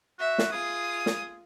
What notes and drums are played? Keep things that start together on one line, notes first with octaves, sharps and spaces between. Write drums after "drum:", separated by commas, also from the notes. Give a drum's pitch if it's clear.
F#4 E5
drum: snare
F4 G#4 D#6
drum: snare